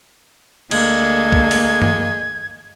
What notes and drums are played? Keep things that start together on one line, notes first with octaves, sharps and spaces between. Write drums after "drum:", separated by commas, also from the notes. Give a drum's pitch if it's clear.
D2 G#3 A#3 A4 G#6, drum: cymbal
drum: kick
drum: open hi-hat
drum: tom G2